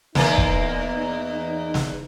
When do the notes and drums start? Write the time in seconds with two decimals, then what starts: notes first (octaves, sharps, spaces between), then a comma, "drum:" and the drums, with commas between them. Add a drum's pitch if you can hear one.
0.15 E2 A#3 D#4, drum: snare
0.38 drum: kick
1.74 drum: snare